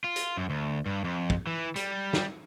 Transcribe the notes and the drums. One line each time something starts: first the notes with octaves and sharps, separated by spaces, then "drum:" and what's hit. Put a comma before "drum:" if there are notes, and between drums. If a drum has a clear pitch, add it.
F4
drum: hi-hat
F#2
D2
G2
F2
drum: kick
E3
G3, drum: hi-hat
drum: snare